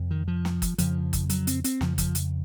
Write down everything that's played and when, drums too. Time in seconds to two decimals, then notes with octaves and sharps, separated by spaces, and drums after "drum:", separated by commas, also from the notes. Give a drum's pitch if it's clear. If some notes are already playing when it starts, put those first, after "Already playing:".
Already playing: F2 C3
0.11 D#3
0.28 F3
0.45 drum: snare
0.62 drum: kick, hi-hat
0.78 F2 C#3 F3, drum: hi-hat
1.13 drum: kick, hi-hat
1.30 F#3, drum: hi-hat
1.47 C4, drum: hi-hat
1.64 C4, drum: hi-hat
1.81 F2 C#3 F3, drum: snare
1.98 F3, drum: kick, hi-hat
2.15 drum: hi-hat